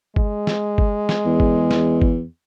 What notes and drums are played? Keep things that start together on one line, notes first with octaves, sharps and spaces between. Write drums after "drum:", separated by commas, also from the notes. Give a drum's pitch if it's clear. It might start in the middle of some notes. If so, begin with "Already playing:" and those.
G#3, drum: kick
drum: snare
drum: kick
drum: snare
E2
drum: kick
drum: snare
drum: kick